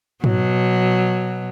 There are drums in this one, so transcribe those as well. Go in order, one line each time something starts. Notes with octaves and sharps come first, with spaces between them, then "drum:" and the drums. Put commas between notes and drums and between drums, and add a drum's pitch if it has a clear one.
B2 F#3, drum: tom G#2